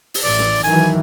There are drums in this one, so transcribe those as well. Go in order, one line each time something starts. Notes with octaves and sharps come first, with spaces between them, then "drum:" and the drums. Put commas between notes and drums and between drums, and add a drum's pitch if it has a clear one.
drum: open hi-hat
A1 E3 D5
drum: snare
D#3 E3 F#3 G#5, drum: hi-hat